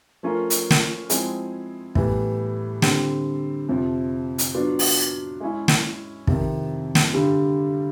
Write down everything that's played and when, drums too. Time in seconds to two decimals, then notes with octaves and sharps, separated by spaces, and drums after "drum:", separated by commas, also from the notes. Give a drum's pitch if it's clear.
0.23 F3 A3 C#4 F4 A#4
0.50 drum: hi-hat
0.70 drum: snare
1.10 F3 G#3 C4 E4 G#4, drum: hi-hat
1.95 A2 E3 G3 B3, drum: kick
2.82 D3 G3 C4, drum: snare
3.69 F2 C3 F3
4.38 drum: hi-hat
4.54 F#3 B3 D4 F4
4.79 drum: open hi-hat
5.40 G#3 C#4 E4
5.68 drum: snare
6.27 F2 C3 D#3, drum: kick
6.95 drum: snare
7.13 G2 D3 G3